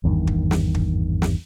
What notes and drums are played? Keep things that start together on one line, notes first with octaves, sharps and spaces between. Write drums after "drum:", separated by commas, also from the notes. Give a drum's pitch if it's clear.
G#1 E2 G2 D#3
drum: kick
drum: snare
drum: kick
drum: snare